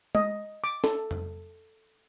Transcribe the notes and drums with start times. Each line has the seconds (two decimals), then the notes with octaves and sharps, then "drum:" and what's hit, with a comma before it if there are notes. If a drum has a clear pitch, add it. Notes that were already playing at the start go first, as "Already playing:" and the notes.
0.15 D#5, drum: tom G#3
0.64 D6
0.84 A4, drum: snare
1.11 drum: tom F2